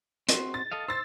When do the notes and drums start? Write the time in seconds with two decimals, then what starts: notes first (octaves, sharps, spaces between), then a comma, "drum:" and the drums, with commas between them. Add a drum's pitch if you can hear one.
0.29 C4 F#4 C5, drum: hi-hat
0.54 A6
0.71 A4 D#5 F5
0.88 C5 E6 A6